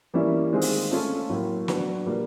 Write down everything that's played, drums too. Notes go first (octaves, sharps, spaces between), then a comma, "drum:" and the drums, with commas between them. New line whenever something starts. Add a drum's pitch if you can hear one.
E3 G3 A#3 C#4 E4
D#3 G#3 C4 F4 G#4
drum: open hi-hat
A3 C#4 F4 A4
A2 F#3 A#3
F#3 B3 D4, drum: snare
A#2 G3 A#3